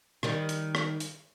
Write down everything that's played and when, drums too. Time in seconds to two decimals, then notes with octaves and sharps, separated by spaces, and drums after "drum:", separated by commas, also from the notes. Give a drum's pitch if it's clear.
0.23 D#3 G3, drum: rim click
0.49 drum: hi-hat
0.75 drum: rim click
1.00 drum: hi-hat